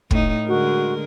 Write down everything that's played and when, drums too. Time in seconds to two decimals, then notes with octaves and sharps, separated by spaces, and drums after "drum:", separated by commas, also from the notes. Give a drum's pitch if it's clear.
0.11 A2 D#4, drum: kick
0.48 D3 G#3 F#4 A#4